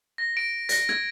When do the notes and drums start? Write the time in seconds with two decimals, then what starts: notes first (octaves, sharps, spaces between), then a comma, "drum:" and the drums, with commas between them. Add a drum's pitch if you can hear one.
0.18 A#6
0.37 D7
0.69 A#6, drum: hi-hat
0.89 G#6, drum: rim click